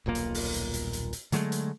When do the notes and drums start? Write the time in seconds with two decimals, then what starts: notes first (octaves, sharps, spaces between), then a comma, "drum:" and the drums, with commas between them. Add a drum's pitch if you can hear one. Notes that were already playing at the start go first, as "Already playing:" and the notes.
0.06 D#1 B1 A#2 A#3
0.15 drum: hi-hat
0.34 drum: open hi-hat
0.54 drum: hi-hat
0.74 drum: hi-hat
0.93 drum: hi-hat
1.13 drum: hi-hat
1.32 D3 F#3 G#3 A3, drum: hi-hat
1.52 drum: hi-hat